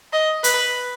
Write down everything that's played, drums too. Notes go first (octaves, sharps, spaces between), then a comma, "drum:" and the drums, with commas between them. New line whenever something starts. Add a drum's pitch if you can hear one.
D#5
B4, drum: hi-hat